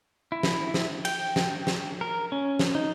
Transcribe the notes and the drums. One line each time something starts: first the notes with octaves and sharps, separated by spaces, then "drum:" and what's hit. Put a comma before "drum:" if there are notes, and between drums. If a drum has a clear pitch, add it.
E4
drum: snare
drum: snare
G5, drum: cymbal
drum: snare
drum: snare
A#4
C#4
drum: snare
D#4